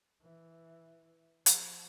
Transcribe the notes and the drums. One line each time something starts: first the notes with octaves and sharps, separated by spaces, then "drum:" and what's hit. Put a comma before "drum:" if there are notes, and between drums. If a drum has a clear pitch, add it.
E3
F3, drum: hi-hat